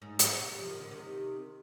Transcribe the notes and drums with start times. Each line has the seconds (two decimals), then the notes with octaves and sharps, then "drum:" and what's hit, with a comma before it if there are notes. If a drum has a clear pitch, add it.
0.02 G#2
0.19 drum: hi-hat
0.39 C3
0.59 F3
0.70 D#3
0.80 D3
0.91 C3 D#3